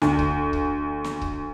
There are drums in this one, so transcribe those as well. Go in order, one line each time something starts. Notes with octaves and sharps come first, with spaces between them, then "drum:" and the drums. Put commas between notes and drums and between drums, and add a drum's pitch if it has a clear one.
D2, drum: snare
drum: kick C#1
drum: kick C#1
drum: snare
drum: kick C#1